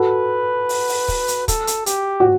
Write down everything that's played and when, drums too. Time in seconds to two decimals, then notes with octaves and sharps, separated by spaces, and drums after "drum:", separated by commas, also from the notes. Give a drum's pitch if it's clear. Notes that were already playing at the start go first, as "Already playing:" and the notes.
Already playing: F#4 A4 B4
0.69 drum: open hi-hat
0.89 drum: open hi-hat
1.08 drum: kick, open hi-hat
1.28 drum: hi-hat
1.48 A4, drum: kick, hi-hat
1.67 drum: hi-hat
1.86 G4, drum: hi-hat
2.20 F#4